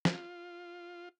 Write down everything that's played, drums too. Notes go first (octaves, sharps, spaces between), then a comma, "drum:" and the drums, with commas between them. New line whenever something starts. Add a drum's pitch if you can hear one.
F4, drum: snare